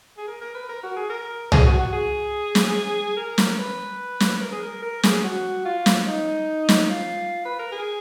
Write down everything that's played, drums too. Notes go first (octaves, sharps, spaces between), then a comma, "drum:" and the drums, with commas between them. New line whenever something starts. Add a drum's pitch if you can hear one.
G#4
A#4
A#4
B4
A#4
F#4
G#4
A#4
G#4, drum: tom
F#4
F#4
G#4
drum: snare
A#4
drum: snare
B4
drum: snare
A#4
G#4
A#4
A#4
G#4, drum: snare
F#4
F4
drum: snare
D#4
drum: snare
F4
B4
A#4
G#4